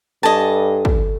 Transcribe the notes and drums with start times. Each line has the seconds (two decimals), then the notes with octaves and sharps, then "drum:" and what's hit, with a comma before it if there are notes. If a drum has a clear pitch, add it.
0.23 G2 A4 D#5 G#5 A5 C#6
0.85 drum: kick